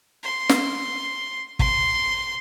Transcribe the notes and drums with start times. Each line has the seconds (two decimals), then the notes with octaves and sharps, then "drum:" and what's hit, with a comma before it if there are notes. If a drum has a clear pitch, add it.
0.23 C6
0.49 drum: snare
1.59 C6, drum: kick